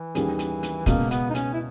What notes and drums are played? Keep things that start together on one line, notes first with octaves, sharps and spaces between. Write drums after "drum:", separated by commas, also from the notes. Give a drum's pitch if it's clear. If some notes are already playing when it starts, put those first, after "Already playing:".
Already playing: E3
D#2 D#3 G3 C#4 G#4, drum: hi-hat
drum: hi-hat
drum: hi-hat
C#2 B2 G#3 A#3, drum: kick, hi-hat
B3, drum: hi-hat
D#4
C#4, drum: hi-hat
E4